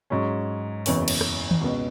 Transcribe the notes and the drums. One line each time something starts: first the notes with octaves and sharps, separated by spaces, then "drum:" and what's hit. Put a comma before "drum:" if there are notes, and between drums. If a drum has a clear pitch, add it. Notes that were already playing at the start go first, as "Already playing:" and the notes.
G#2 F#3 C#4
F#1 E2 E3 C#4, drum: open hi-hat
drum: cymbal
drum: rim click
drum: tom D#3
C#2 B2 B3